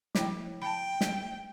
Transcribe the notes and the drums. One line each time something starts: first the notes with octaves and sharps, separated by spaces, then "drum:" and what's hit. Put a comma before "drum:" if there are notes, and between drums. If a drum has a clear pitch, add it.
F3 E4 G5, drum: snare
G5 A5 B5
drum: snare